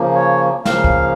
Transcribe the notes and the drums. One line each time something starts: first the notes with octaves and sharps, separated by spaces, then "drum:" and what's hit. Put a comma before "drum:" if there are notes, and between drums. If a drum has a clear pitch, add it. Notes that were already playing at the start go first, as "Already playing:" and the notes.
Already playing: C#3 F3 A#3
C#5
C#3 F3 A#3 F5, drum: snare
drum: kick